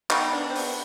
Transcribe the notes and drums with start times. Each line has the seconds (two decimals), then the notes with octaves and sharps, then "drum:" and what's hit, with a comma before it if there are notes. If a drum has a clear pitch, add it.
0.10 B2 G3 B3 D#4, drum: clap
0.33 D4
0.50 C4
0.55 B3, drum: open hi-hat